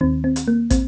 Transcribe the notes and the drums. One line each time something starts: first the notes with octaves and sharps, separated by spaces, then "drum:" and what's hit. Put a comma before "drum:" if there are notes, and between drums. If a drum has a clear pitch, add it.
D#2 D#3 C4
C4
drum: hi-hat
A#3
C4, drum: kick, hi-hat